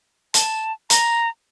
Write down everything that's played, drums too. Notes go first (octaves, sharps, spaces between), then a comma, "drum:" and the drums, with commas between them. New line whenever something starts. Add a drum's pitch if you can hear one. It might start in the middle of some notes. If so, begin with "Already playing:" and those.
A5, drum: hi-hat
A#5, drum: hi-hat